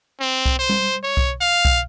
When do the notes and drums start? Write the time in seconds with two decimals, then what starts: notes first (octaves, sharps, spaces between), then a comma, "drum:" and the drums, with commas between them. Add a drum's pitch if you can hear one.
0.20 C4
0.46 drum: kick C2
0.59 C5
0.69 drum: tom G3
1.03 C#5
1.17 drum: kick C2
1.41 F5
1.65 drum: kick C2